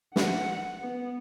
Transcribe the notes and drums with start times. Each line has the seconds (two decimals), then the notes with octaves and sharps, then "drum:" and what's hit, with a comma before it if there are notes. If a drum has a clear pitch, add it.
0.16 F#5, drum: snare
0.81 B3